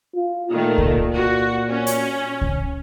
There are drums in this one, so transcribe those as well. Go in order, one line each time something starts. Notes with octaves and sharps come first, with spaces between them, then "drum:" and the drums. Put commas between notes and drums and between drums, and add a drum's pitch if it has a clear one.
F4
A#2 D#3 A3
drum: kick C#2
F#4
C#4
drum: hi-hat
drum: kick C#2